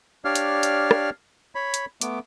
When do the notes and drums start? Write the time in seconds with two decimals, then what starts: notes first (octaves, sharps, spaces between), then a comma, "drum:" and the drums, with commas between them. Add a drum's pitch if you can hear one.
0.25 D4 G4 C#5 D5 F5 F6
0.35 drum: hi-hat
0.63 drum: hi-hat
0.91 drum: rim click
1.55 C#5 B5
1.74 drum: hi-hat
2.01 A3 B3 D6, drum: hi-hat